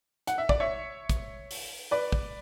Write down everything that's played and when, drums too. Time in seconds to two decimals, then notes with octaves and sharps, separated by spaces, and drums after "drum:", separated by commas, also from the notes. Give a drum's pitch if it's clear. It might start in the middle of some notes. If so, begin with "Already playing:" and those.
0.27 F#5, drum: hi-hat
0.38 E5
0.49 D5, drum: kick
0.60 C#5 E5
1.10 drum: kick, hi-hat
1.51 drum: open hi-hat
1.91 B4 D5
2.12 drum: kick